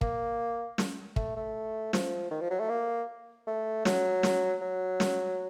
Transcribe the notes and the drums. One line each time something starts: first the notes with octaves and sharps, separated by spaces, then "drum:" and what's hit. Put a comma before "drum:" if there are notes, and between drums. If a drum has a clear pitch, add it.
A#3, drum: kick
drum: snare
A3, drum: kick
A3
F3, drum: snare
D#3
F3
F#3
A3
A#3
A3
F#3, drum: snare
drum: snare
F#3
drum: snare